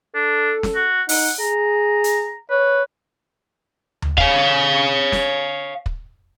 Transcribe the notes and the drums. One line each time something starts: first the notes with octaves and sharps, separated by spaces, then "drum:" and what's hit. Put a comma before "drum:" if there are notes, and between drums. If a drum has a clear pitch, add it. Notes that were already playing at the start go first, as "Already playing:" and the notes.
D4 A4
drum: snare
F#4
D#4 F#5, drum: open hi-hat
G#4 A#5
drum: hi-hat
B4 C#5
drum: tom D2
C#5 F5, drum: kick
drum: snare
drum: kick